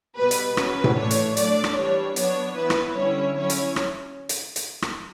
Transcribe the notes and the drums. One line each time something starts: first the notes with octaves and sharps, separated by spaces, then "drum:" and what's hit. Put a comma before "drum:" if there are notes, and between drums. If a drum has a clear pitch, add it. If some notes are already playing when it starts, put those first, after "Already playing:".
B2 G3 B3 B4
drum: hi-hat
C#3 F#3 C#4 B4, drum: rim click
drum: tom A2
A2 E3 A3 D4 C#5
drum: hi-hat
F#3 A3 D4 D5, drum: hi-hat
drum: rim click
E3 G3 D4 C#5
F#3 B3 D4 C#5, drum: hi-hat
E3 B3 E4 B4
drum: rim click
D3 G3 C#4 E4 C#5
F#3 C#4 E4 C#5
drum: hi-hat
drum: rim click
drum: hi-hat
drum: hi-hat
drum: rim click